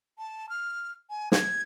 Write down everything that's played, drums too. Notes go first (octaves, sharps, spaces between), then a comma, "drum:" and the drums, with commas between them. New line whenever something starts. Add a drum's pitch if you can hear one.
A5
F6
G#5
G#6, drum: snare